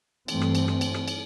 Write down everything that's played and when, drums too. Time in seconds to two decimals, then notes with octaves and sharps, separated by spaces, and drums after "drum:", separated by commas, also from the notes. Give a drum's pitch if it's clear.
0.28 G2 E3 A3 C4, drum: cymbal
0.41 drum: rim click
0.55 drum: cymbal
0.68 drum: rim click
0.81 drum: cymbal
0.94 drum: rim click
1.08 drum: cymbal